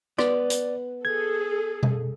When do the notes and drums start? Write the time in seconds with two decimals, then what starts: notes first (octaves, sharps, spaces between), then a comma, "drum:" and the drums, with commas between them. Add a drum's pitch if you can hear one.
0.19 B3 D5, drum: rim click
0.50 drum: hi-hat
1.05 G#4 A4 G#6
1.83 drum: tom B2